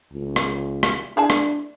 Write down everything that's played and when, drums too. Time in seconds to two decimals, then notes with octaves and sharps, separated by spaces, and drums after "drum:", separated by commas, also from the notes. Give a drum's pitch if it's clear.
0.13 C#2
0.36 drum: rim click
0.83 drum: rim click
1.17 D4 E4 G#4 A5
1.30 drum: rim click